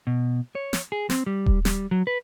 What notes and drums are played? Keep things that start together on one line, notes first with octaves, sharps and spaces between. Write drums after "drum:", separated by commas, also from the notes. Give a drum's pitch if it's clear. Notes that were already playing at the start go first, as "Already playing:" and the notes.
B2
C#5
drum: snare
G#4
C4, drum: snare
G3
drum: kick D#1
G3, drum: snare
F#3
B4